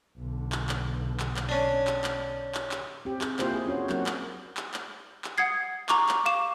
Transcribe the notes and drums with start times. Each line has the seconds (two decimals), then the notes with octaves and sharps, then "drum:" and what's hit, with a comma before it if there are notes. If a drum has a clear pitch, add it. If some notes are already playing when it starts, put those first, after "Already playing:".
0.18 B1 D3
0.52 drum: clap
0.69 drum: clap
1.20 drum: clap
1.37 drum: clap
1.49 C#4 D4
1.87 drum: clap
2.04 drum: clap
2.55 drum: clap
2.71 drum: clap
3.05 C4 G4
3.21 G#4, drum: clap
3.39 A#3 E4 F4 G4 C5, drum: clap
3.52 G#4
3.66 C#4 D4 F#4 C#5
3.89 F#3 A#3 C4 F#4 A#4, drum: clap
4.06 drum: clap
4.57 drum: clap
4.74 drum: clap
5.24 drum: clap
5.38 F#5 D#6 G#6 C7
5.89 A#5 C#6 D6, drum: clap
6.09 drum: clap
6.25 F5 C#6 D6 E7